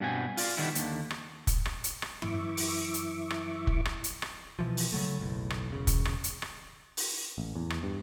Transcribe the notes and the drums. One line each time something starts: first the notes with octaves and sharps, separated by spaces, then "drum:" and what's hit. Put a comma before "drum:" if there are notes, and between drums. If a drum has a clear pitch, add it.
G2 B2 B3 C4 B4 G#5
F4 D5, drum: open hi-hat
D3 D#3 G3 B3 E4
D#2 D3, drum: hi-hat
drum: rim click
drum: kick, hi-hat
drum: rim click
drum: hi-hat
drum: rim click
F#2 E3 E4 E5 C#6 D6, drum: tom G2
drum: open hi-hat
drum: hi-hat
drum: rim click
drum: kick
drum: rim click
drum: hi-hat
drum: rim click
B2 E3 F3
drum: open hi-hat
C#3 F#3 A3
F#1 B1 A2
drum: rim click
E1 C#3
drum: kick, hi-hat
drum: rim click
drum: hi-hat
drum: rim click
drum: open hi-hat
A1
E2
drum: rim click
G2